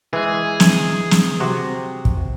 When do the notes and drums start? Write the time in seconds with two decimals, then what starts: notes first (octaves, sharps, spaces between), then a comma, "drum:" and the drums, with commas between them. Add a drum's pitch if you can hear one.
0.13 E3 G#3 G#4
0.60 drum: snare
1.11 drum: snare
1.40 C3 F#4
2.05 drum: kick